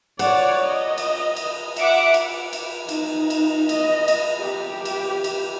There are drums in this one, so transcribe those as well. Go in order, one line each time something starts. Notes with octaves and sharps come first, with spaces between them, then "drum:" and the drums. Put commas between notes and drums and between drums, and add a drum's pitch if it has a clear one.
C#5 D5 F#5, drum: cymbal
D#5
drum: cymbal
drum: cymbal
E5 F#5 D6, drum: cymbal
drum: cymbal
drum: cymbal
D#4, drum: cymbal
drum: cymbal
D#5, drum: cymbal
drum: cymbal
G4
drum: cymbal
drum: cymbal